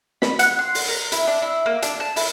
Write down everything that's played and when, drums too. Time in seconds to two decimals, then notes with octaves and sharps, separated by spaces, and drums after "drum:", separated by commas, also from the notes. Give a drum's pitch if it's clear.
0.22 B5, drum: snare
0.39 F#5, drum: hi-hat
0.59 C6
0.75 drum: open hi-hat
0.88 A#4
1.12 E4, drum: hi-hat
1.27 D4
1.42 E4
1.66 A#3
1.82 D4, drum: hi-hat
2.00 A5
2.16 E4, drum: open hi-hat